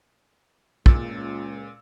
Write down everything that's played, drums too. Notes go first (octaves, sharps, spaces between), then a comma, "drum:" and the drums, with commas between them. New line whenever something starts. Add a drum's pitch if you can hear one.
C#2 A#2 E6 A6, drum: kick